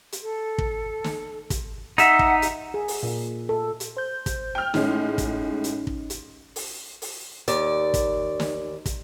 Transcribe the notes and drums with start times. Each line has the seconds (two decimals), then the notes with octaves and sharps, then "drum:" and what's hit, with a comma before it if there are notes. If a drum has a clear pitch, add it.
0.12 drum: hi-hat
0.23 A4
0.58 drum: kick
1.04 drum: snare
1.50 drum: kick, hi-hat
1.98 D#4 E5 F#5, drum: hi-hat
2.19 drum: kick
2.42 drum: hi-hat
2.74 G#4
2.88 drum: open hi-hat
3.03 A#2
3.49 A4
3.80 drum: hi-hat
3.97 C5 G6
4.26 drum: kick, hi-hat
4.55 G5 F6
4.74 A2 G#3 C#4 D#4, drum: snare
5.18 drum: kick, hi-hat
5.64 drum: hi-hat
5.87 drum: kick
6.10 drum: hi-hat
6.56 drum: open hi-hat
7.02 drum: open hi-hat
7.48 D#2 D5, drum: hi-hat
7.94 drum: kick, hi-hat
8.40 drum: snare
8.86 drum: kick, hi-hat